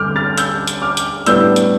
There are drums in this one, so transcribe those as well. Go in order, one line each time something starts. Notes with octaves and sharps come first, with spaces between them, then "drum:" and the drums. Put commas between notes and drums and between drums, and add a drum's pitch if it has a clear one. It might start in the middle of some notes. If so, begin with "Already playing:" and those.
Already playing: G2 D3 A3 C4 D6 F6 G6
F6 A6
E6 G6, drum: hi-hat
drum: hi-hat
D6 F6
drum: hi-hat
A2 G3 B3 D4 E6 G6, drum: hi-hat
drum: hi-hat